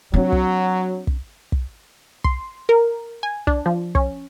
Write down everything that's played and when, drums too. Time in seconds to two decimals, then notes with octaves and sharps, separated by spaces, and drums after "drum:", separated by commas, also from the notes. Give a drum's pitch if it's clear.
0.14 F#3 C4 D4
0.32 drum: kick
1.07 drum: kick
1.52 drum: kick
2.24 C6, drum: kick
2.69 A#4
3.23 G#5
3.47 D4, drum: kick
3.66 F3
3.95 C#4, drum: kick